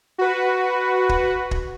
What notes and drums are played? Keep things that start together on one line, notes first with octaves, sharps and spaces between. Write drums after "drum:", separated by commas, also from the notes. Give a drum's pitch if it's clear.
F#4 B4
drum: kick
drum: kick